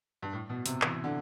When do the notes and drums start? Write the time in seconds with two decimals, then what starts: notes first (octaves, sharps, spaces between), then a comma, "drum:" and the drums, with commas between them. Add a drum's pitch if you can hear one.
0.23 G2
0.33 A2
0.49 B2
0.66 C3, drum: hi-hat
0.82 E3, drum: clap
1.04 D3